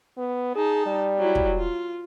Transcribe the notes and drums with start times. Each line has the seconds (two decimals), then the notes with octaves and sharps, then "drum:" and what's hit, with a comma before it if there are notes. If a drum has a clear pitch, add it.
0.18 B3
0.56 D#4 G#4 A5
0.86 G3
1.18 F#3 E4
1.35 drum: kick
1.57 F4